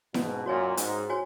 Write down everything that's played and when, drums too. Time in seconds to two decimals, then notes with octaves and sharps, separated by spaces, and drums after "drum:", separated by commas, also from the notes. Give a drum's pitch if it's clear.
0.14 G#2 B2 C#4, drum: snare E4
0.46 F#2 A#2 F#4 C#5 G#5
0.77 G#2 C#4, drum: hi-hat
1.09 F#4 C#5 G#5